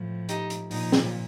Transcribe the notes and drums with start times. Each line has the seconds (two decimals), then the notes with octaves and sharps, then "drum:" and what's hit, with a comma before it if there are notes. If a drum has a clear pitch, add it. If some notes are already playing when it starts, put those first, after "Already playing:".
Already playing: A2 F3
0.29 D#4 G4, drum: hi-hat
0.50 drum: hi-hat
0.71 A#2 F3 D#4, drum: open hi-hat
0.92 drum: snare